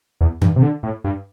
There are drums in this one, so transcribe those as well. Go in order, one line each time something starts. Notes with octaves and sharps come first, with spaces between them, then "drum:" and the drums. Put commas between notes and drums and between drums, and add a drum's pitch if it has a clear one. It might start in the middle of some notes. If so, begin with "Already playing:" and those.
E2
G2, drum: tom D#3
C3
D3
A2
G2